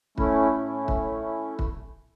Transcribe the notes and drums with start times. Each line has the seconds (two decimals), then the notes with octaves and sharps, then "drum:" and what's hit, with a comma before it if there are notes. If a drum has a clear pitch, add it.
0.18 A3 C#4 E4, drum: kick
0.53 A2
0.88 A3, drum: kick
1.59 drum: kick